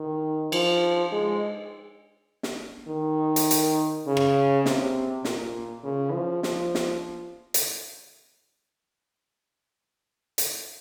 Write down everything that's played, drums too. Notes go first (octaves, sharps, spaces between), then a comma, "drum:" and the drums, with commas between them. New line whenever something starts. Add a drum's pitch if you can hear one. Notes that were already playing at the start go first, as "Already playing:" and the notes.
Already playing: D#3
F3, drum: cymbal
G#3
drum: snare
D#3
drum: hi-hat
drum: hi-hat
C#3
drum: rim click
C3, drum: snare
A#2, drum: snare
C#3
F3
F3, drum: snare
drum: snare
drum: hi-hat
drum: hi-hat